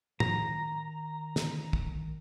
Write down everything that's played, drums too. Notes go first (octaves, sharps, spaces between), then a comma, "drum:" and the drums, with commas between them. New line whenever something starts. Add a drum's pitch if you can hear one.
D#3 A#5, drum: tom
drum: snare
drum: kick